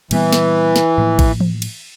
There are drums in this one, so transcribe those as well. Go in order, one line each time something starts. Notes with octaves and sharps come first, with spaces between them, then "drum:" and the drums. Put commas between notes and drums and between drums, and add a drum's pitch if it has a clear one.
A#2 E3 G3 B3, drum: cymbal
drum: snare
drum: snare
A2 F3 A#3
drum: kick A1, cymbal
drum: tom E3
drum: cymbal